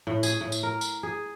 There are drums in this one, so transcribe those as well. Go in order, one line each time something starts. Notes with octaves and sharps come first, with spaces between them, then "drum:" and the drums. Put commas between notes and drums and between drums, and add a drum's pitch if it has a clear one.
A2
G#4, drum: tambourine
A2
drum: tambourine
A#4
drum: tambourine
G#4